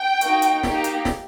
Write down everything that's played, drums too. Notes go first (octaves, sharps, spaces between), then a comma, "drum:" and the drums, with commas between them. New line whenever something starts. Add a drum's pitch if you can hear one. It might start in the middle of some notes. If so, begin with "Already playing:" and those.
Already playing: G5
A#3 D#4 F#4, drum: hi-hat
drum: hi-hat
A#3 D#4 G4, drum: snare
drum: hi-hat
drum: snare